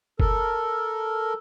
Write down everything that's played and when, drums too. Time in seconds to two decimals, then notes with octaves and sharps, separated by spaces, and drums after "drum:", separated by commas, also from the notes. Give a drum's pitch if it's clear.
0.20 A4 A#4, drum: kick